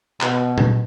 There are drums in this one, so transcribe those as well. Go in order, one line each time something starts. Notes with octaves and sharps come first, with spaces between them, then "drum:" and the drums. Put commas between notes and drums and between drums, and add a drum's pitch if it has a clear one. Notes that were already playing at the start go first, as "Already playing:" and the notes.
B2, drum: clap
drum: tom A#2